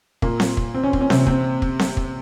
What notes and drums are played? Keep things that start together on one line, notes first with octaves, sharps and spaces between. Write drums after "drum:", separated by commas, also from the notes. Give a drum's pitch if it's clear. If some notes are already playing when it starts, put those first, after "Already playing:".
A#2 A#3, drum: kick
drum: snare C4
drum: kick
C4
C#4
C4, drum: kick
C#4
C3 C4, drum: snare C4
C3 C4, drum: kick
drum: kick
drum: snare C4
drum: kick